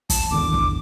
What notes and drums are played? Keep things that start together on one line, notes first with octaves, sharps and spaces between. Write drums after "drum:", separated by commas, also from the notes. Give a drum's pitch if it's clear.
A5, drum: kick, hi-hat
G#1 E2 D3 D6
drum: kick